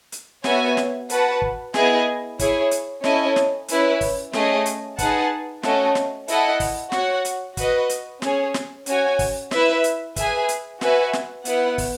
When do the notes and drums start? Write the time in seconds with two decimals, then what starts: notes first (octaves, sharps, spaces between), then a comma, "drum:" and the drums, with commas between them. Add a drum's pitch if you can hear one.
0.12 drum: hi-hat
0.44 B3 F#4 C#5 E5 G#5, drum: snare
0.77 drum: snare
1.10 F#4 B4 F#5 A5, drum: hi-hat
1.42 drum: kick
1.74 B3 E4 G#4 D#5, drum: snare
2.39 E4 G#4 C#5, drum: kick, hi-hat
2.71 drum: hi-hat
3.04 C#4 E4 A4 D#5 G#5, drum: snare
3.36 drum: snare
3.68 C#4 E4 B4 E5, drum: hi-hat
4.01 drum: kick, open hi-hat
4.33 A3 C#4 G#4 D#5, drum: snare
4.66 drum: hi-hat
4.99 D#4 G#4 B4 F#5 A5, drum: kick, hi-hat
5.63 A3 C#4 F#4 A4 D#5, drum: snare
5.95 drum: snare
6.28 E4 A4 D#5 F#5, drum: hi-hat
6.60 drum: kick, open hi-hat
6.92 F#4 C#5 F#5, drum: snare
7.25 drum: hi-hat
7.57 F#4 B4 D#5, drum: kick, hi-hat
7.89 drum: hi-hat
8.22 C#4 G#4 C#5, drum: snare
8.54 drum: snare
8.86 C#4 F#4 C#5 G#5, drum: hi-hat
9.19 drum: kick, open hi-hat
9.51 E4 B4 E5, drum: snare
9.84 drum: hi-hat
10.16 G#4 B4 E5 G#5, drum: kick, hi-hat
10.49 drum: hi-hat
10.81 F#4 B4 E5 G#5, drum: snare
11.13 drum: snare
11.45 B3 E4 B4 F#5, drum: hi-hat
11.78 drum: kick, open hi-hat